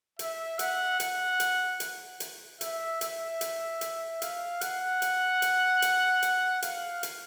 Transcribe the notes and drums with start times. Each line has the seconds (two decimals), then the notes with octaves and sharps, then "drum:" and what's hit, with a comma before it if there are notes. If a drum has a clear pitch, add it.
0.19 E5, drum: hi-hat
0.59 F#5, drum: hi-hat
1.00 F#5, drum: hi-hat
1.40 drum: hi-hat
1.80 drum: hi-hat
2.20 drum: hi-hat
2.61 E5, drum: hi-hat
3.01 E5, drum: hi-hat
3.41 drum: hi-hat
3.81 drum: hi-hat
4.22 F5, drum: hi-hat
4.61 F#5, drum: hi-hat
5.02 drum: hi-hat
5.42 drum: hi-hat
5.82 drum: hi-hat
6.22 drum: hi-hat
6.62 F5, drum: hi-hat
7.03 drum: hi-hat